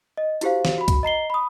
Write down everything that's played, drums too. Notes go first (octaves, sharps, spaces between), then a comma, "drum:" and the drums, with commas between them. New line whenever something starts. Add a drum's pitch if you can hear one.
D#5
E4 F#4 G4 C5 F5, drum: hi-hat
drum: snare
F#4 B5
drum: kick C2, hi-hat
D#5 A#5 C7 G7
B5 D#6